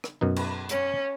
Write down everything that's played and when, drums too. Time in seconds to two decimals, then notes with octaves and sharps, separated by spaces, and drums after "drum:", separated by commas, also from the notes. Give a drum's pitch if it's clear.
0.04 drum: rim click
0.21 F#2 B2 D#4
0.36 drum: cymbal
0.69 C#4, drum: hi-hat